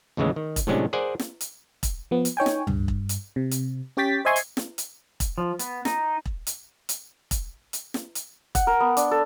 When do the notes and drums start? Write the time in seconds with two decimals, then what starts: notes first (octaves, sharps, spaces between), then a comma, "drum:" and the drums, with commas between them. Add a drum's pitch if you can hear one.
0.17 D#2 A2 C#3 E3 G#3
0.36 D#3
0.56 drum: kick E1, hi-hat
0.67 A2 C3 F#3 G#3 C#4 D4
0.93 G#4 A#4 C5 D5 F#5 G#5
1.19 drum: snare
1.41 drum: hi-hat
1.83 drum: kick E1, hi-hat
2.11 F3 B3
2.25 drum: hi-hat
2.37 D#4 C#5 G5 G#5
2.46 drum: snare
2.67 G2, drum: tom C#2
2.88 drum: kick E1
3.09 drum: hi-hat
3.36 C3
3.51 drum: hi-hat
3.97 C#4 G4 C#5 G5 A6 B6
4.25 C5 D#5 E5 G#5 C6 C#6
4.36 drum: hi-hat
4.57 drum: snare
4.78 drum: hi-hat
5.20 drum: kick E1, hi-hat
5.38 F3
5.59 B3, drum: hi-hat
5.85 D#4, drum: snare
6.26 drum: kick E1
6.47 drum: hi-hat
6.89 drum: hi-hat
7.31 drum: kick E1, hi-hat
7.73 drum: hi-hat
7.94 drum: snare
8.15 drum: hi-hat
8.55 F#5, drum: kick E1, hi-hat
8.67 A#4
8.80 B3
8.97 D4, drum: hi-hat
9.11 A4